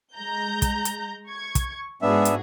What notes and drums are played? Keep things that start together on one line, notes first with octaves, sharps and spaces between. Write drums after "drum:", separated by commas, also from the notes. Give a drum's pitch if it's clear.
G#3 A#5 G6
drum: kick, hi-hat
drum: hi-hat
C#6 G#6
drum: kick, hi-hat
G#2 B3 D4 F#4 G#4 E5
drum: hi-hat